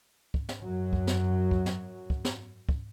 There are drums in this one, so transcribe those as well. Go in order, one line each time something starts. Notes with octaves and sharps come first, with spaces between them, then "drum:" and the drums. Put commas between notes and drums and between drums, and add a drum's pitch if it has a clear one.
drum: kick
drum: snare
F#2 F#3
drum: kick
drum: snare
drum: kick
drum: snare
drum: kick
drum: snare
drum: kick